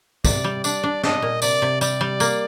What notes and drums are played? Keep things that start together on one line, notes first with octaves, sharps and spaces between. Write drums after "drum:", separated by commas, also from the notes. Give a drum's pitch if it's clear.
C3 D5, drum: kick, tambourine
G3
D4 D5, drum: tambourine
D4
D4 D#5, drum: snare
A#2
C3 D5, drum: tambourine
C3
G3 D5, drum: tambourine
G3
A#3, drum: tambourine